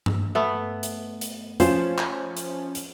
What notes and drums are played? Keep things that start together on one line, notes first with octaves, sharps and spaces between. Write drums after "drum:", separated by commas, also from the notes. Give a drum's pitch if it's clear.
drum: tom G2
A3 B3
drum: hi-hat
drum: hi-hat
F3 C#4 F4 C5 E7, drum: hi-hat
drum: clap
drum: hi-hat
drum: hi-hat